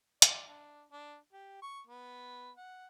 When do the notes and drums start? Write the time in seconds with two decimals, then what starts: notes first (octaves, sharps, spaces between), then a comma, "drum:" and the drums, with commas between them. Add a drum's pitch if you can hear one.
0.22 D5, drum: hi-hat
0.48 D4
0.92 D4
1.33 G4
1.62 C#6
1.87 B3
2.57 F#5